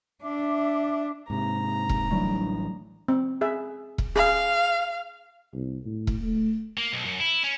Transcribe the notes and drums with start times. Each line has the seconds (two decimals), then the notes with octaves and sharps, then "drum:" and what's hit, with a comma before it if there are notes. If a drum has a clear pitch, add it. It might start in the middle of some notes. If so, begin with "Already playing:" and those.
0.23 D4 E5 D6
1.30 G#2 C3 A#5
1.89 drum: kick E1
2.11 A1 D3 E3 F#3 G3 A3
3.08 C4
3.41 G#4 E5
3.98 drum: kick E1
4.16 G#4 F5
5.54 C2
5.85 A2
6.07 drum: kick E1
6.21 A3
6.78 A#3
6.93 B1
7.05 F#2
7.20 E4
7.43 C#4